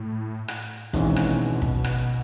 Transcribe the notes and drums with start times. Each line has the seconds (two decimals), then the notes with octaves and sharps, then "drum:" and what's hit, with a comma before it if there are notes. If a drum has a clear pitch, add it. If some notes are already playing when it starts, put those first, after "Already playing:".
Already playing: A2
0.48 drum: rim click
0.93 G#1 G#2 B2 E3 G#3 C#4, drum: kick, hi-hat
1.16 drum: rim click
1.62 drum: kick
1.84 drum: rim click